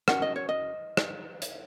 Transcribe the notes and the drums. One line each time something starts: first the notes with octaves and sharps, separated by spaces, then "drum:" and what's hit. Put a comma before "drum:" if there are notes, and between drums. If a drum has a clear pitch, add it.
C#4 F#4 A#4 F#5, drum: rim click
D#5
C#5
D#5
drum: rim click
drum: hi-hat